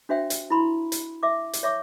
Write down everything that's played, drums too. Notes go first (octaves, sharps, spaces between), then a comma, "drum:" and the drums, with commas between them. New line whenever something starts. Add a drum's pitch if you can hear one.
D4 F#4 C5 E5 G5
drum: hi-hat
E4 B5 C6
drum: hi-hat
E5 D6
drum: hi-hat
C#5 E5 C#6 D6